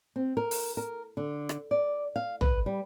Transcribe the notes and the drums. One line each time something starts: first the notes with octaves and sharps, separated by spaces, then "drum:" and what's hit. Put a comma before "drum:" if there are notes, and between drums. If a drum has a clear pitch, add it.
C4
A#4
drum: open hi-hat
A#4
D3
drum: rim click
D5
F5
B4, drum: tom
G3